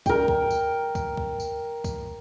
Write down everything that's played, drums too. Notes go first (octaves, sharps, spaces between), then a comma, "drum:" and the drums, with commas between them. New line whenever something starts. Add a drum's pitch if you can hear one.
A#4 G5, drum: kick, tambourine
drum: kick
drum: tambourine
drum: kick, tambourine
drum: kick
drum: tambourine
drum: kick, tambourine